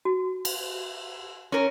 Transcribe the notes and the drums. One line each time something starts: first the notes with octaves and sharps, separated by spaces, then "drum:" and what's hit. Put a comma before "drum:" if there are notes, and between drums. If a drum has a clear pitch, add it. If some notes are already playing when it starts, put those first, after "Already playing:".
F#4
drum: cymbal
C#4 A#4